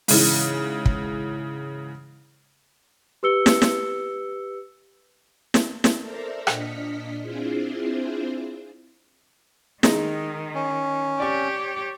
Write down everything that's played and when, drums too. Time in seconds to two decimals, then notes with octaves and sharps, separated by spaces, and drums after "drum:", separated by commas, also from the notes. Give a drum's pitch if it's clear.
0.08 G#2 C#3 E3, drum: open hi-hat
0.86 drum: kick
3.23 G4 B4 E6 C#7 G7
3.46 drum: snare
3.62 drum: snare
5.54 drum: snare
5.84 drum: snare
6.00 A4 A#4 C5 D5 E5 A#5
6.47 A#2 D4 D#5 F6 B6 C#7, drum: rim click
7.21 C4 D4 E4 F4 G#4 C5
9.83 D#3 G#3 D#4, drum: snare
10.55 C#4
11.20 G4 C#5 D5 C#6